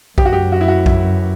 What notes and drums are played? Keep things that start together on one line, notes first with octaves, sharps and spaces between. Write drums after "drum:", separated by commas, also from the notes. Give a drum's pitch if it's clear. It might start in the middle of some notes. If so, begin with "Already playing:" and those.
F#2 G4, drum: kick A#1
F#4
G4
F#4
E4
F#4
E4, drum: kick A#1